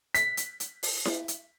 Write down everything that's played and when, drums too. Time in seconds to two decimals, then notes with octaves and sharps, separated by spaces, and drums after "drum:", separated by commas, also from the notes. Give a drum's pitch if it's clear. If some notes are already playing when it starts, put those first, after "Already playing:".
0.15 B6, drum: hi-hat
0.37 drum: hi-hat
0.60 drum: hi-hat
0.83 drum: open hi-hat
1.05 drum: snare E4
1.28 drum: hi-hat